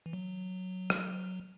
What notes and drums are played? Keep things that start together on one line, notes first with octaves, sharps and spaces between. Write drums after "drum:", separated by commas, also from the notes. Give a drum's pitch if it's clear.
E3
F#3
drum: rim click